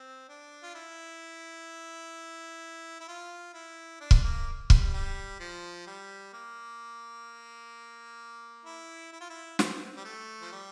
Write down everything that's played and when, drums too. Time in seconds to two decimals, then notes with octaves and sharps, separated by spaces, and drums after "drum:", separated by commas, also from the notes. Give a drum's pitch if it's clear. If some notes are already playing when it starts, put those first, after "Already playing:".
Already playing: C4
0.29 D4
0.63 F4
0.75 E4
3.00 E4
3.08 F4
3.54 E4
4.00 D4
4.11 drum: kick
4.24 A#3
4.70 G3, drum: kick
4.93 G3
5.40 F3
5.87 G3
6.33 A#3
8.65 E4
9.13 E4
9.21 F4
9.30 E4
9.59 C4, drum: snare
9.96 G3
10.05 A3
10.42 F3
10.52 G3